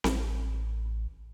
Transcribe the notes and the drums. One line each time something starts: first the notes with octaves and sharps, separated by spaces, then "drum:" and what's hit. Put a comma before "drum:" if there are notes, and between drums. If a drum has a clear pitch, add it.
A1, drum: snare C4